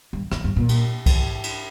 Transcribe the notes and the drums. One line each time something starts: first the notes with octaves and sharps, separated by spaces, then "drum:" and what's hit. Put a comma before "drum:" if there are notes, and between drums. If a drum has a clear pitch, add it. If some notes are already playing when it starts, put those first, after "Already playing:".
G2
F2, drum: rim click
G2
A#2
drum: cymbal
drum: kick, cymbal
drum: cymbal